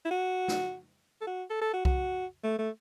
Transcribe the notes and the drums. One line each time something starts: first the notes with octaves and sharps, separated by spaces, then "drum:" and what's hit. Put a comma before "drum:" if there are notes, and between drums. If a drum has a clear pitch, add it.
E4
F#4
drum: snare
A4
F#4
A4
A4
F#4
F#4, drum: kick C2
A3
A3